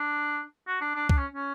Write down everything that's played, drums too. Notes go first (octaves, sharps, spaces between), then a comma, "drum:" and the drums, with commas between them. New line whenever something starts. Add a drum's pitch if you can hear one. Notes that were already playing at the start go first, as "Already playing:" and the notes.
Already playing: D4
F#4
D4
D4
D4, drum: kick C#2
C#4
C#4